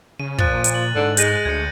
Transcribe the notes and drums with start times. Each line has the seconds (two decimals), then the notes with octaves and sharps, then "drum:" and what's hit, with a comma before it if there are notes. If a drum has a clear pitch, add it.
0.20 C#3 D#7
0.38 A#2 F3 F#6 A6, drum: kick
0.64 drum: hi-hat
0.74 F#7
0.95 G#2 D3
1.17 G#3 G6 A#6 D#7, drum: hi-hat
1.45 D2 G#6 C#7